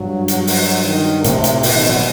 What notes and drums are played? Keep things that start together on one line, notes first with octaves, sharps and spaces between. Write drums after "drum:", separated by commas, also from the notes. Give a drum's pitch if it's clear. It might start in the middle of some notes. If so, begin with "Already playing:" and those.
Already playing: G2 F#3
drum: hi-hat
drum: open hi-hat
D#3
A2 C3, drum: hi-hat
drum: hi-hat
B2, drum: open hi-hat
D#3
F#3